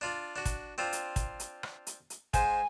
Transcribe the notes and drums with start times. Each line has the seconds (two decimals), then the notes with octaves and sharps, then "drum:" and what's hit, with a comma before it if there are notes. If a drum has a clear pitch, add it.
0.01 D4 F4 D5
0.36 D4 F#4
0.45 drum: kick, hi-hat
0.78 C4 D4 F4
0.93 drum: hi-hat
1.16 drum: kick, hi-hat
1.40 drum: hi-hat
1.63 drum: rim click
1.87 drum: hi-hat
2.10 drum: hi-hat
2.34 G#2 C5 G#5, drum: kick, hi-hat